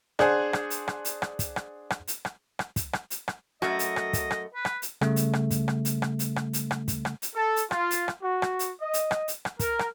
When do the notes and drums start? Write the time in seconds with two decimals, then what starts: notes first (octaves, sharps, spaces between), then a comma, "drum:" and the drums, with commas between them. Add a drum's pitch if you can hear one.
0.19 D4 G#4 C5 F#5 G#5, drum: rim click
0.53 drum: rim click
0.70 drum: hi-hat
0.88 drum: rim click
1.05 drum: hi-hat
1.22 drum: rim click
1.39 drum: kick, hi-hat
1.56 drum: rim click
1.90 drum: rim click
2.08 drum: hi-hat
2.25 drum: rim click
2.59 drum: rim click
2.76 drum: kick, hi-hat
2.93 drum: rim click
3.10 drum: hi-hat
3.28 drum: rim click
3.62 F#2 A3 F#4 D#5, drum: rim click
3.79 drum: hi-hat
3.96 drum: rim click
4.13 drum: kick, hi-hat
4.31 drum: rim click
4.54 B4
4.65 drum: rim click
4.82 drum: hi-hat
5.01 C#3 G3 A3, drum: rim click
5.16 drum: hi-hat
5.33 drum: rim click
5.51 drum: kick, hi-hat
5.68 drum: rim click
5.85 drum: hi-hat
6.02 drum: rim click
6.19 drum: hi-hat
6.36 drum: rim click
6.53 drum: hi-hat
6.71 drum: rim click
6.88 drum: kick, hi-hat
7.05 drum: rim click
7.22 drum: hi-hat
7.35 A4
7.56 drum: hi-hat
7.71 F4, drum: rim click
7.91 drum: hi-hat
8.08 drum: rim click
8.21 F#4
8.42 drum: rim click
8.59 drum: hi-hat
8.80 D#5
8.94 drum: hi-hat
9.11 drum: rim click
9.28 drum: hi-hat
9.45 drum: rim click
9.60 A#4, drum: kick, hi-hat
9.79 drum: rim click